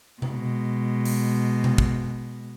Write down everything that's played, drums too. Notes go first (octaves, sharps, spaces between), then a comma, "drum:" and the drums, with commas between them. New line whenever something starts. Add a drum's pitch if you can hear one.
B2 G#3, drum: tom C3
drum: open hi-hat
drum: tom C3
drum: kick